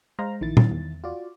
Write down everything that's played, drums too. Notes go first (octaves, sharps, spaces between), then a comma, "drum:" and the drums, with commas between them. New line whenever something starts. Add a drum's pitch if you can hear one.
G#3 C5 F5 A#5
A#1 D#3 E4 A6
drum: tom A#2
E2
F4 F#4 D5